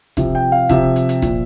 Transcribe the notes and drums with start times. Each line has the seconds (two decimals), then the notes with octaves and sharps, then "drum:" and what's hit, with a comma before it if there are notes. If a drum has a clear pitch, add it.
0.17 C3 F3 E5, drum: kick, hi-hat
0.35 G5
0.52 F5
0.69 C3 F3 E5, drum: kick, hi-hat
0.96 drum: hi-hat
1.09 drum: hi-hat
1.22 A#2 F3, drum: kick, hi-hat